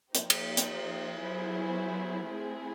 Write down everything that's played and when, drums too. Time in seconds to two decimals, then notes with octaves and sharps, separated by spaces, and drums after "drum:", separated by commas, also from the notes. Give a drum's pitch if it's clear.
0.15 F3 A#3 D#4 G4 C5, drum: hi-hat
0.30 drum: cymbal
0.57 drum: hi-hat
1.21 F#3 B3 E4 G#4 C5
2.28 A3 C4 E4 G#4